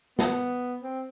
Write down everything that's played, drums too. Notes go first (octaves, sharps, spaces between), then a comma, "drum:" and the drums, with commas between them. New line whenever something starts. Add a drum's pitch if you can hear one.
B3, drum: snare
C4